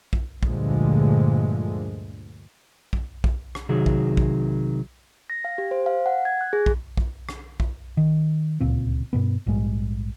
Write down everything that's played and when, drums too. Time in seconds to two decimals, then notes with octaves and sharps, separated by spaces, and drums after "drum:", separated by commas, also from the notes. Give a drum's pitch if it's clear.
0.13 drum: kick A#1
0.43 D2 G2 A#2 D3 F3 G#3, drum: kick A#1
2.93 drum: kick A#1
3.24 drum: kick A#1
3.55 drum: rim click
3.69 C3 D#3 F#3 G#4
3.86 drum: kick A#1
4.17 drum: kick A#1
5.30 A#6
5.45 F5
5.58 G4
5.71 C5
5.86 F5
6.06 F#5
6.25 G#6
6.41 F#6
6.53 G#4
6.66 drum: kick A#1
6.97 drum: kick A#1
7.29 drum: rim click
7.60 drum: kick A#1
7.97 D#3
8.61 D1 C#2 A#2 C4
9.13 G2 B2 B3
9.46 A#1 G#2 G3 G#3